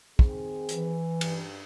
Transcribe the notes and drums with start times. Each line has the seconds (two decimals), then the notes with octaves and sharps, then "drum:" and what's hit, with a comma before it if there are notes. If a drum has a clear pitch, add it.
0.19 D#3 C4 G#4, drum: kick
0.69 E3, drum: hi-hat
1.21 G2, drum: cymbal